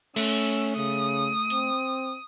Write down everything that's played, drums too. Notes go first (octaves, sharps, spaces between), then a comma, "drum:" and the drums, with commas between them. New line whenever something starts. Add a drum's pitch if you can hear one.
A3 C#4 E6, drum: cymbal
C#3 D#6
C4, drum: hi-hat